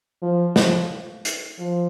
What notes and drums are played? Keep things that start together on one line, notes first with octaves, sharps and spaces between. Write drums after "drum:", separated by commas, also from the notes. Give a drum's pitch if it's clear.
F3
F3, drum: snare
drum: hi-hat
F3